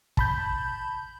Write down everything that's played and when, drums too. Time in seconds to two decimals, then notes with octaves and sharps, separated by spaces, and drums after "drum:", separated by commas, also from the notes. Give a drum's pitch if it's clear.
0.17 A5 B5 G6, drum: kick